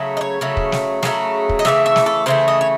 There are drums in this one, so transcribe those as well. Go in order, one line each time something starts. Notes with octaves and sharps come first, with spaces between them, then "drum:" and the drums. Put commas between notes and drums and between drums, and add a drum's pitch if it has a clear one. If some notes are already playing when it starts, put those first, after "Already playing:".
Already playing: C#3 F#3 A3
D#5
C#5
C#3 F#3 A3
drum: kick
drum: snare
C#3 F#3 A3, drum: snare
drum: kick
D#5
C#3 E3 A3 E5, drum: snare
E5
drum: snare
A4
C#3 E3 A3 C5
D#5
C#5